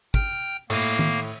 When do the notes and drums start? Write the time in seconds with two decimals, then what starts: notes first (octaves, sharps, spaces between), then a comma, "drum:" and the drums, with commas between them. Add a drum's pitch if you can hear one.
0.14 G5 F6, drum: kick
0.70 A2 A#3, drum: cymbal
0.99 drum: tom D#3